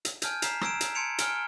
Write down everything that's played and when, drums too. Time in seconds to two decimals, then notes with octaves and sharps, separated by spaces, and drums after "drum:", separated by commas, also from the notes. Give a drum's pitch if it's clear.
0.05 drum: hi-hat
0.22 G#5 A5 F6 G6 G#6, drum: hi-hat
0.42 A#5 B6 C7 E7 F7, drum: hi-hat
0.61 A#5 E6 G#6 D7 E7, drum: rim click
0.81 drum: hi-hat
0.95 A5 C6 G#6 C#7 D7 F7
1.18 G#5 F6 D7 G7, drum: hi-hat